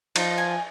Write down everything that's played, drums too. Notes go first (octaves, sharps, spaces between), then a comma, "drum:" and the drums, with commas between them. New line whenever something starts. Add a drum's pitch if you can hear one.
F3 D#4, drum: cymbal
G#5